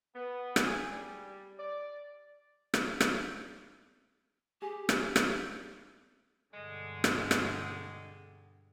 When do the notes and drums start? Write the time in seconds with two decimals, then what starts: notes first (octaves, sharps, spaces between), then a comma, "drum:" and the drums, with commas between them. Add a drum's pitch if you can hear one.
0.15 B3
0.56 G#4, drum: rim click
0.91 G3
1.59 D5
2.74 drum: rim click
3.00 drum: rim click
4.62 G4 G#4
4.89 drum: rim click
5.16 drum: rim click
6.54 G2 B2 D3 G#3
7.04 drum: rim click
7.31 drum: rim click